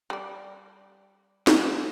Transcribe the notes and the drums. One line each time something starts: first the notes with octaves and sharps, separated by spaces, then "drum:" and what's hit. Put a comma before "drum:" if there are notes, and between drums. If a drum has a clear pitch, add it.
G3 D5
drum: snare